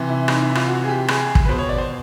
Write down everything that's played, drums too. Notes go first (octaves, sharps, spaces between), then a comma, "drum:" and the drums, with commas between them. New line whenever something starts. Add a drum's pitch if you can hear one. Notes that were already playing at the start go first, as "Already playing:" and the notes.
Already playing: C3 E3
E4
D#4, drum: rim click
E4
F4, drum: rim click
F#4
G#4
G4
G#4, drum: rim click
drum: kick
B4
B2 C5
C#5
D5
C5